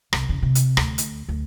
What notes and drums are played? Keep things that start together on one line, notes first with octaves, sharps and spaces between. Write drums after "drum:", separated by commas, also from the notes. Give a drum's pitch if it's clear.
C2, drum: rim click
E2 C#3
C3
drum: hi-hat
D2, drum: rim click
drum: hi-hat
D2